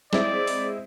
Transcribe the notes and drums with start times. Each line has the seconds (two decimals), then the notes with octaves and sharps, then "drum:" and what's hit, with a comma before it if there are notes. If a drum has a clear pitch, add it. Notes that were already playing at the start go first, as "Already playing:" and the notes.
0.13 G#3 C4 E4 D5, drum: snare
0.47 drum: open hi-hat